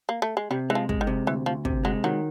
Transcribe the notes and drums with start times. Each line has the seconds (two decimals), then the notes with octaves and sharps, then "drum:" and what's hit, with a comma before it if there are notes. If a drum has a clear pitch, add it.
0.09 A#3
0.22 A3
0.37 G#3
0.51 C3 G3
0.70 E3 G#3
0.75 F3
0.89 G#3, drum: kick
1.01 D#3
1.07 C3
1.27 D2 E3
1.46 D2 F3
1.65 C3, drum: kick
1.85 F#3 G#3
2.04 D#3 F#3